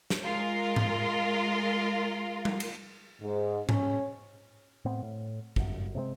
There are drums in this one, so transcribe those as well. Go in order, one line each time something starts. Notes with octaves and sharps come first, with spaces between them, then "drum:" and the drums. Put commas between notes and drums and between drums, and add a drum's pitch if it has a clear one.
drum: snare
G#3 F4 A#4
drum: tom G#2
drum: tom G3
drum: cymbal
G#2
C#4, drum: tom G#2
A2 B3 C4
A2
G1 F#2, drum: kick
C3 G#3 A3 C4